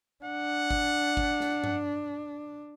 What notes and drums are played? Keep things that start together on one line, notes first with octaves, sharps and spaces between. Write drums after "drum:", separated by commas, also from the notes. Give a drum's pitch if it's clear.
D4 F#5
drum: kick G1
drum: kick G1
drum: snare
drum: tom G2